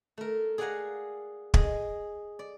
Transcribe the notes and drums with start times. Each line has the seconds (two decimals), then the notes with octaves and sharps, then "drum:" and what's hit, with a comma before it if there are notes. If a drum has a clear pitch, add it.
0.18 A3 A#4
0.58 G#4 D5 F5 F#5 G#5 A#5
1.54 G#4 D#5, drum: kick
2.39 D5